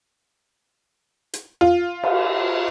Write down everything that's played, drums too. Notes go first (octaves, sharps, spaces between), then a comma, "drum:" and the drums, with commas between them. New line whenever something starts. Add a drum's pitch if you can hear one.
drum: hi-hat
F4
drum: cymbal